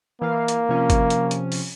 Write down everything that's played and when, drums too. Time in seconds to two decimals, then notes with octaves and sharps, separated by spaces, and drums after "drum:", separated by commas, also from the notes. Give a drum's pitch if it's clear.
0.22 E3 A#3 F5
0.48 drum: hi-hat
0.69 C3 F3 C#4
0.90 drum: kick, hi-hat
1.10 drum: hi-hat
1.31 drum: hi-hat
1.52 drum: open hi-hat